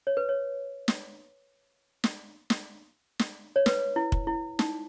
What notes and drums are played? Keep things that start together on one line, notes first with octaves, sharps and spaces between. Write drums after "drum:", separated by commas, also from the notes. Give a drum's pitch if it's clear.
C#5
B4
C#5
drum: snare
drum: snare
drum: snare
drum: snare
C#5
B4, drum: snare
E4
drum: kick
E4
D#4, drum: snare